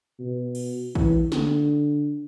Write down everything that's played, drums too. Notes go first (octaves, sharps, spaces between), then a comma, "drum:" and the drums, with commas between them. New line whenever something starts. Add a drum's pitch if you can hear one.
B2
drum: cymbal
E3, drum: kick
D3, drum: snare